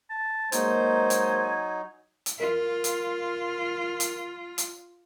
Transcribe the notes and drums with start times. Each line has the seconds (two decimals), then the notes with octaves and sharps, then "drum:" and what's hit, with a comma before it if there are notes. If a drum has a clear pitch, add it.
0.10 A5
0.52 F#3 G#3 A#3 D#4 C5 G#5, drum: hi-hat
1.10 drum: hi-hat
2.26 drum: hi-hat
2.40 F4 A#4
2.84 drum: hi-hat
4.00 drum: hi-hat
4.58 drum: hi-hat